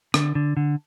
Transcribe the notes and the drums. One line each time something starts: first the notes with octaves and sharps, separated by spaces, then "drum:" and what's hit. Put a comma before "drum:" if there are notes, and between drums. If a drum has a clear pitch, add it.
D3, drum: rim click
D3
D3